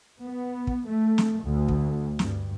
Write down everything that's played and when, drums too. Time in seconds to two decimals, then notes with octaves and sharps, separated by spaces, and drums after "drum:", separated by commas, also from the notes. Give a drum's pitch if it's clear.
0.24 B3
0.67 drum: kick
0.90 A3
1.18 drum: snare
1.45 D2
1.68 drum: kick
2.19 G2, drum: snare